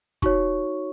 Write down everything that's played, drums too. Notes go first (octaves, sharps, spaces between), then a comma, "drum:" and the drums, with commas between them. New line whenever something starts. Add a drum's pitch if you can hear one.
D#4 F#4 C#5 C#6, drum: kick